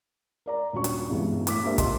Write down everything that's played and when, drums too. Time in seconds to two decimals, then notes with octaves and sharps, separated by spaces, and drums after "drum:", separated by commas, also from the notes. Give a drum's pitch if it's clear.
0.46 A#4 D5 A#5
0.73 D#1 C#4 D4 F#4 C#5 C#6
0.84 drum: hi-hat
1.10 C2 G2 B2 E3 G#3
1.47 A2 D6 B6, drum: hi-hat
1.64 A#3 D4 G4 A#4 C5 E5
1.78 C#2 D#5 C6, drum: kick, hi-hat